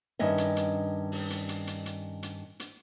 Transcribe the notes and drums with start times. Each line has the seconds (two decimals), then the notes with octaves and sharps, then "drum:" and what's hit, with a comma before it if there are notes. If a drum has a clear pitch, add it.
0.19 G2 D#3 C#4 D#5 E5
0.38 drum: hi-hat
0.56 drum: hi-hat
1.12 drum: open hi-hat
1.30 drum: hi-hat
1.49 drum: hi-hat
1.67 drum: hi-hat
1.86 drum: hi-hat
2.23 drum: hi-hat
2.60 drum: hi-hat